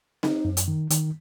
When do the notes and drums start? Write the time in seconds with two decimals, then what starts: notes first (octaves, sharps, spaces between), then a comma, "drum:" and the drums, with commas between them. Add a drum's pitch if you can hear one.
0.23 D#4, drum: snare C4
0.45 F#2
0.57 drum: hi-hat
0.68 D#3
0.90 D#3, drum: hi-hat